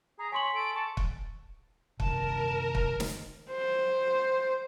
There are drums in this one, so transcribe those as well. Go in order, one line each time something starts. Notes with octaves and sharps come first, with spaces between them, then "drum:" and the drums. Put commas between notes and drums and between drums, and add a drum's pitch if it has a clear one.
G#4 A#5
C#5 G#5 C6 B6 F#7
A4 D7
A5 C#6
drum: kick
F#2 C3 D#3 A#4 A5, drum: kick
drum: kick
drum: snare
C5